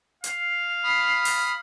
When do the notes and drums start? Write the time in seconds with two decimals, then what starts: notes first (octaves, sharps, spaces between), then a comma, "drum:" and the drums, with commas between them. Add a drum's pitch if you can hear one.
0.24 F5, drum: hi-hat
0.84 B5 D#6 F6
1.25 drum: open hi-hat